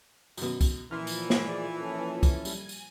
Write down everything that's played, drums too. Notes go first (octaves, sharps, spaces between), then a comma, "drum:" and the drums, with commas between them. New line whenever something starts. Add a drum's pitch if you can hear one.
F#2 B2, drum: tambourine
drum: kick, tambourine
A#2 E3 F3 A#4 C6 F6
drum: tambourine
drum: snare
G#4 D5
C#4 E4 A4
drum: kick, tambourine
G3 G#5, drum: tambourine
drum: tambourine